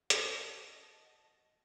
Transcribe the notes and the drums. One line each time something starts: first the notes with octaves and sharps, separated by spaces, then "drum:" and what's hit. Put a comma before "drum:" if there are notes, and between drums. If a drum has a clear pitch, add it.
F#4 D#5 A5, drum: hi-hat